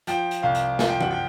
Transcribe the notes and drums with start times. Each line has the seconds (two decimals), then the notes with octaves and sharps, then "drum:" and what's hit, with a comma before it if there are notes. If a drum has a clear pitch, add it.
0.07 F3 G5, drum: hi-hat
0.31 drum: hi-hat
0.43 C2 F5
0.55 drum: hi-hat
0.79 F3 G#5, drum: snare
0.89 G5
1.01 F#5, drum: tom E3
1.11 G5